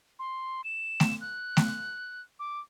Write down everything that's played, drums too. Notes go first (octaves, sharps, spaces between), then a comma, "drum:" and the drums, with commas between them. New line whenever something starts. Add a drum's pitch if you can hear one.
C6
E7
drum: snare A3
F#6
drum: snare A3
D6